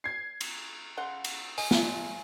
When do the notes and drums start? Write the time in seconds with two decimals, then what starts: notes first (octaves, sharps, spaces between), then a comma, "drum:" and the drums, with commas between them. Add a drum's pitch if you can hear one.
0.04 G#6 C7
0.41 drum: cymbal
0.97 C#3 F#5 C6
1.24 drum: cymbal
1.58 D#5 G#5, drum: open hi-hat
1.71 drum: snare